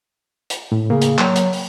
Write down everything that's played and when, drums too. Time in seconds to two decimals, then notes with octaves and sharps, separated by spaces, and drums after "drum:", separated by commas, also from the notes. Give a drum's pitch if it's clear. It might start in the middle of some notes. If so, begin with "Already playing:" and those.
0.50 drum: hi-hat
0.72 A2
0.90 C#3 A#3
1.02 drum: hi-hat
1.19 F#3, drum: clap
1.36 drum: hi-hat
1.53 drum: open hi-hat